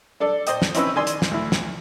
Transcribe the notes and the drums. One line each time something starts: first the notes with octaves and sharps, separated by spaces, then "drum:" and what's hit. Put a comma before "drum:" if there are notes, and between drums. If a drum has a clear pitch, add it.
D4 A4 D5
C5 D5 D#5 G5, drum: hi-hat
drum: snare
C4 C#4 D#4 E4 B4 E5, drum: hi-hat
D#3 D5 G#5 C6 E6
drum: hi-hat
drum: snare
D2 E4
drum: snare